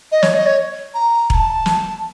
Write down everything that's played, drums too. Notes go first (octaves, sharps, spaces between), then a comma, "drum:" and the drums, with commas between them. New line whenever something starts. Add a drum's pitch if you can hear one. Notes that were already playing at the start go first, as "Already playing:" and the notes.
D#5
C#5, drum: snare
D#5
C#5
A#5
A#5, drum: kick E1
A5
drum: snare